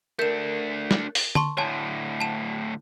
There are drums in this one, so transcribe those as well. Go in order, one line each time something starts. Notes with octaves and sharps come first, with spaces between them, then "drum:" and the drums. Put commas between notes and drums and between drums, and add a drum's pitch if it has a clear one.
A3 D4 A#4 G6 E7
drum: snare
drum: open hi-hat
A5 C6 C#6, drum: tom D3
D2 A2 C#5 G#5 A5 C6
A5 E7